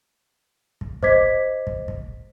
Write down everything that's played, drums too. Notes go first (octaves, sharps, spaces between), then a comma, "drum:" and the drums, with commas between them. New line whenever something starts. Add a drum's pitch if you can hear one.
drum: kick
C5 D#5 D6 G#6 B6, drum: kick
drum: kick
drum: kick